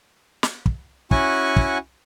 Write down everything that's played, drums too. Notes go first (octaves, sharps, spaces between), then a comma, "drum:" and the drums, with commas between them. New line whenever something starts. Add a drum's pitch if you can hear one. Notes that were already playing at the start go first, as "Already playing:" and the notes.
drum: snare
drum: kick
C#4 E4 F#4 F#5 G#5 C#6, drum: kick
drum: kick